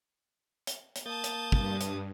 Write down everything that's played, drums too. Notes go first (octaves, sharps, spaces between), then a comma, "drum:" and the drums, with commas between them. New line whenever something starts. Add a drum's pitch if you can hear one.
drum: hi-hat
drum: hi-hat
A#3 A5 D#6 G6 A6
drum: hi-hat
G2, drum: kick
drum: hi-hat